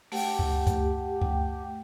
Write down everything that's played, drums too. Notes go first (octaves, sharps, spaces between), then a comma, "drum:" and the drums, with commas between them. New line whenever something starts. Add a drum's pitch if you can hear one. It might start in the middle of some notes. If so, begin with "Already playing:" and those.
A3 G4 F#5, drum: open hi-hat
drum: kick C#2
drum: kick C#2, hi-hat
drum: kick C#2